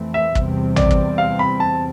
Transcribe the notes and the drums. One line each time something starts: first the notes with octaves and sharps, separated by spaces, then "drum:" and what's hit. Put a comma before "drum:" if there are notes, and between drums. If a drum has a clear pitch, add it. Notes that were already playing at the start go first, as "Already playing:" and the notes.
Already playing: F2 E3 A3 C4
E5
E2 C3 G3 C4, drum: kick
D5, drum: tom A1
drum: kick
F5
B5
A5